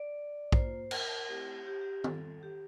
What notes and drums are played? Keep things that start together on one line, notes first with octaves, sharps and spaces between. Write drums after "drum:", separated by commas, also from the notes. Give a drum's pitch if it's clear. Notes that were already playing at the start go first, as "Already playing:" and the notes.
Already playing: D5
A#3 F4 C5, drum: kick A#1
A#4, drum: cymbal
A3 C4 E4 G4
G4
G4
G3 C4 F4 A4, drum: tom
G4